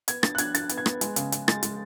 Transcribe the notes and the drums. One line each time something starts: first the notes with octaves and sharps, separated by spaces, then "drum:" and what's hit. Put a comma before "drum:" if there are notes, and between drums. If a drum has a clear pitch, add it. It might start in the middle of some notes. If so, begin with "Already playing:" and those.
B3 G#6, drum: hi-hat
D4 A6, drum: rim click
F#6
D4 G#6, drum: hi-hat
D4 A6, drum: hi-hat
B3, drum: hi-hat
G#6
B3, drum: rim click
G#3, drum: hi-hat
C#3, drum: hi-hat
C#3, drum: hi-hat
G#3 A6, drum: rim click
G#3, drum: hi-hat